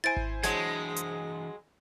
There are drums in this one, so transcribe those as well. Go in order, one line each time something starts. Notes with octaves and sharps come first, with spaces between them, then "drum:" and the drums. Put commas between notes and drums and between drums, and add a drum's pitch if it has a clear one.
E4 C5 G#5 A6 D7
drum: kick G#1
E3 F#3 G#3 D4 A5 G#6, drum: snare
drum: hi-hat